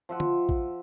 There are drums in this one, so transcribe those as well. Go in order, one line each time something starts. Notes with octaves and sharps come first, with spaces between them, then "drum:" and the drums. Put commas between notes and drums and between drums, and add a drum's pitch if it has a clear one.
F3 E5 F#5
drum: tom
drum: kick A#1